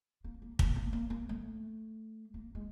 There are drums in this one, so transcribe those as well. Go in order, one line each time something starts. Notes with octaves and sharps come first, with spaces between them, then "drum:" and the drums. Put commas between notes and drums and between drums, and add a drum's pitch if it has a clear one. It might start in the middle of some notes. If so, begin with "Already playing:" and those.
A#3
A#3
A#3, drum: kick
A#3
A#3
A#3
A3
A#3
G#3